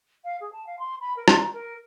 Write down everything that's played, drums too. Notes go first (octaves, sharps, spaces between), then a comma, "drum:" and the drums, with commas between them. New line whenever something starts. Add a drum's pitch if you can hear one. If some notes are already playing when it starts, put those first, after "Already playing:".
F5
G#4
A5
F5
C6
B5
A#4
C6, drum: rim click
A#5
A#4